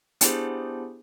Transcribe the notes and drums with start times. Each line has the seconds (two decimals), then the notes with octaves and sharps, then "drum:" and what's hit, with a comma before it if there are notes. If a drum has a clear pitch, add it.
0.21 B3 D4 E4 G4 G#4 C5, drum: hi-hat